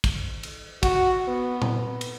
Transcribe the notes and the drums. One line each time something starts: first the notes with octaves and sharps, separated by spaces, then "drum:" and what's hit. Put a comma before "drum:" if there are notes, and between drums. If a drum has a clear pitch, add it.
drum: kick, cymbal
drum: cymbal
F#4, drum: kick, cymbal
B3
drum: tom A#2
drum: cymbal